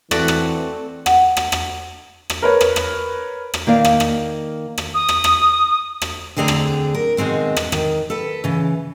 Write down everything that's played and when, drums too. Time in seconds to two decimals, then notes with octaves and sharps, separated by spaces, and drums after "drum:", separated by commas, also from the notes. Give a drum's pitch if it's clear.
0.11 E3 A3 C4 F#4 D5, drum: rim click
0.28 drum: rim click
1.06 F#5, drum: rim click
1.37 drum: rim click
1.52 drum: rim click
2.30 drum: rim click
2.42 A#4 B4 C#5
2.61 drum: rim click
2.76 drum: rim click
3.54 drum: rim click
3.67 D#3 A#3 D5 F5
3.85 drum: rim click
4.00 drum: rim click
4.78 drum: rim click
4.94 D#6
5.09 drum: rim click
5.24 drum: rim click
6.02 drum: rim click
6.36 D2 D3 C4 G#4 D5 A#5
6.48 drum: rim click
6.95 A#4
7.17 B2 D#3 G#3 C4 F#4
7.57 drum: rim click
7.72 D#3, drum: rim click
8.10 A4 B4
8.44 C#3 E3